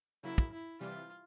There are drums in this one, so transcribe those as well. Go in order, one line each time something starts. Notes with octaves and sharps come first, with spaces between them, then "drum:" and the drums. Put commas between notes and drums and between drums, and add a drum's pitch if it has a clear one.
C#3 F#3 A#3 E4
drum: kick
E4
C3 E3 G3 F4